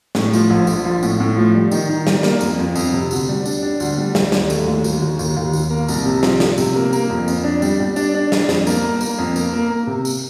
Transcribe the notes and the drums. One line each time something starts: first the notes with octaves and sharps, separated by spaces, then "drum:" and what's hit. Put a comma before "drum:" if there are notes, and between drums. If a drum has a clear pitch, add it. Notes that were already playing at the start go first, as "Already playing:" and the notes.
A2, drum: snare
F3, drum: tambourine
A#1
A#1, drum: tambourine
F3
A2, drum: tambourine
A2
F3
G3
D#3, drum: tambourine
D#3
G3, drum: snare
A#3, drum: snare
F2, drum: tambourine
F2
F2, drum: tambourine
C3
D2, drum: tambourine
G3
D4, drum: tambourine
D4
D2, drum: tambourine
G3
G3, drum: snare
D#2, drum: snare
A3, drum: tambourine
D#2
D#2, drum: tambourine
D#2
D#2, drum: tambourine
D#2
D#2, drum: tambourine
A#3
C2, drum: tambourine
C3
F3, drum: snare
F3, drum: snare
C3, drum: tambourine
A#3
A#3, drum: tambourine
F2
F2, drum: tambourine
D4
G3, drum: tambourine
G3
D4, drum: tambourine
D4
D4, drum: snare
F2, drum: snare
A#3, drum: tambourine
A#3
A#3, drum: tambourine
F2
A#3, drum: tambourine
A#3
A#3
C3
drum: tambourine